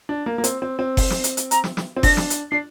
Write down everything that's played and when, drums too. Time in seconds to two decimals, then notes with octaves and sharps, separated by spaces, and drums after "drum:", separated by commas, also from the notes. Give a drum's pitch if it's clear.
0.09 D4
0.26 A#3
0.38 A#3
0.44 C4, drum: hi-hat
0.62 C4
0.79 C4
0.97 drum: kick F#1, open hi-hat
1.10 drum: snare
1.24 drum: hi-hat
1.37 drum: hi-hat
1.51 A#5, drum: hi-hat
1.64 drum: snare
1.77 drum: snare
1.97 C4
2.03 D4 A#6, drum: kick F#1, open hi-hat
2.17 drum: snare
2.30 drum: hi-hat
2.51 D4 C7